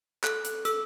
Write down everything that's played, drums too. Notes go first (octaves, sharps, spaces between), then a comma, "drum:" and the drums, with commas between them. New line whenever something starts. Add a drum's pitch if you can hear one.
A4 F#6, drum: clap
drum: hi-hat
A4 E6, drum: hi-hat